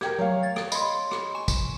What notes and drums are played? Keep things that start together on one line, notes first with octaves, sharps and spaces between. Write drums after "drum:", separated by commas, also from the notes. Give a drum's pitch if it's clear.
G4 A#4 G5 G#6, drum: rim click
F#3 A3 C#5 F5
G#6 A6
drum: rim click
D#5 B5 C6, drum: tambourine
drum: rim click
G#5 C#6 E7
drum: kick, tambourine